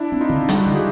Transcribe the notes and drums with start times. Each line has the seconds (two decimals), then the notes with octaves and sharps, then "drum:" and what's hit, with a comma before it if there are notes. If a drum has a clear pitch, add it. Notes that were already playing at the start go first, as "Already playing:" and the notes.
Already playing: D4 E4
0.12 C4
0.21 D#4 F4
0.29 D3
0.49 G3, drum: hi-hat
0.58 F#4
0.65 D3 G4
0.74 F#4 G#4